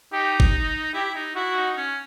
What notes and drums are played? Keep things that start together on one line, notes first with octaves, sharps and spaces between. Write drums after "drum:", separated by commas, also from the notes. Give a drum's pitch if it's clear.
D#4 G4
drum: kick
E4 G4
D#4
E4 F#4
D#4
C#4